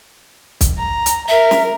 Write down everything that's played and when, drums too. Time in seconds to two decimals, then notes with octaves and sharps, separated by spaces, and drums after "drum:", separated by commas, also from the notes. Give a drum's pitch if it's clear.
0.61 drum: kick B1, hi-hat
0.78 A#5
1.06 drum: hi-hat
1.28 A#4 E5
1.51 drum: snare